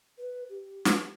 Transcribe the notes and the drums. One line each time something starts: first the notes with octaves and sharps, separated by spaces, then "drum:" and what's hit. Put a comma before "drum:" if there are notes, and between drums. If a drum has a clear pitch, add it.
B4
G4
drum: snare